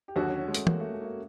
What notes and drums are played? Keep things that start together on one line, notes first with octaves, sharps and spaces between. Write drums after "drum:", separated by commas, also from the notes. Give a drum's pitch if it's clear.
G4
D#2 D3 F#3 F#4
C#4
C#4
G#3
A3, drum: hi-hat
A#3, drum: tom
A3
G#3
A#3
A3